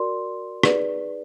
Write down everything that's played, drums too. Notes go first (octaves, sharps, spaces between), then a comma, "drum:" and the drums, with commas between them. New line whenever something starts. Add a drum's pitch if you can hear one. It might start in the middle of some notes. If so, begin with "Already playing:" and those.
Already playing: F#4 A#4 D5 C6
D#4 G#4 B4 D5, drum: rim click